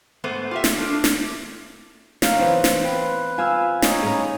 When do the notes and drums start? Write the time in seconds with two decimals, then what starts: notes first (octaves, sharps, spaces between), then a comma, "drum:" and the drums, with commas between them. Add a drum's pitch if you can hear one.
0.24 G#2 A3 B3 C5
0.51 F4 G4 E5
0.64 drum: snare
0.76 A3 D4 F4
1.04 drum: snare
2.22 A#3 D#4 C#5 F5 F#6, drum: snare
2.39 E3 B3 C4
2.64 drum: snare
2.83 B4 C5 G5
3.38 F4 F5 G#5 E6
3.82 D#4 C#5, drum: snare
4.03 A2 C#4 G#4 A#5